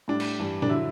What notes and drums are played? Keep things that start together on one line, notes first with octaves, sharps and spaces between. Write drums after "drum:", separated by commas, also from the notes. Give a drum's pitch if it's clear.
A2 G3 D4
drum: cymbal
G2 E3 G3
D4, drum: tom A#2
D3 F#3 E4